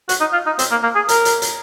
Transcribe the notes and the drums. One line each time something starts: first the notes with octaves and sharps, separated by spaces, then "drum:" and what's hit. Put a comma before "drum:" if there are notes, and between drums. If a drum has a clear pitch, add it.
F#4, drum: hi-hat
D#4
F4
D#4
C4, drum: hi-hat
A#3
A#3
G#4
A#4, drum: hi-hat
drum: hi-hat
drum: hi-hat